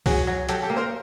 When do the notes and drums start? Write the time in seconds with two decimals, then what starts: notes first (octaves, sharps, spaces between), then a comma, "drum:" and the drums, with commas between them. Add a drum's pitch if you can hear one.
0.06 F#3 F#4 G#4, drum: kick C2, open hi-hat
0.27 F#3
0.49 F#3 G4 A4, drum: hi-hat
0.62 G4 A4
0.70 A#3
0.76 A#4 C5